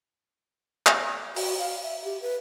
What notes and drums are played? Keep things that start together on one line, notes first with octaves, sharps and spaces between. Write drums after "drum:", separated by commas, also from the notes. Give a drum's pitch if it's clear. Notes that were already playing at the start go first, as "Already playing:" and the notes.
drum: clap
F#4, drum: open hi-hat
F5
E5
G4
B4